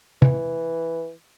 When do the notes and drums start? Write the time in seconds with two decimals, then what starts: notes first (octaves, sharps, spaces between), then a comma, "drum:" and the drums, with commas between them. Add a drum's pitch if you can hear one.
0.22 E3, drum: tom